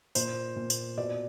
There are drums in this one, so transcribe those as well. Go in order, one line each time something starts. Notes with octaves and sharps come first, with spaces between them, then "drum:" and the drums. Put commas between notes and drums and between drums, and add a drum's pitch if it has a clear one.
A#2 C5, drum: tambourine
A#2
drum: tambourine
B2 D5